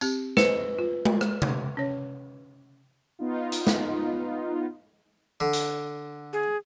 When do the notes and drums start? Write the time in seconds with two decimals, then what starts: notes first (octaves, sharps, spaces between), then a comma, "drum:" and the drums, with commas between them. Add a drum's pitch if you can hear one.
0.01 C4 G4, drum: tambourine
0.37 B4 C5, drum: snare
0.79 F4
1.05 drum: tom G#3
1.21 drum: rim click
1.42 drum: tom C3
1.77 C#4 C#5
3.19 B3 D#4 F4
3.52 drum: hi-hat
3.67 drum: snare
5.40 D3
5.53 drum: hi-hat
6.33 G#4